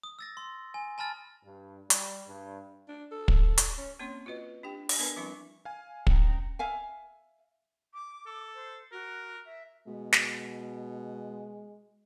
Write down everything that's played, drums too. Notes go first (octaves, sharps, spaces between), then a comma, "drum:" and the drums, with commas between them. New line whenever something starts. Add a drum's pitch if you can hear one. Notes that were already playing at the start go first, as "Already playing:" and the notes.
D#6
E6 A6 A#6
C6
G#5
G#5 A5 B5 F6 A6
G2
G3, drum: hi-hat
G2
D4
A4
drum: kick
drum: hi-hat
C#4
A#3 C4 C#4 C#5 C6
F4 F#4 B4 D#5
D4 G4 G5
drum: open hi-hat
B3 D4 A#4 B4 G#5 A5
F3 G3 C4 D4 E4
F5 G#5
C#4 G5 A#5 C#7, drum: kick
E5 F5 G#5
D6
A4
C5
F#4 A#4
E5
B2 G#3
drum: snare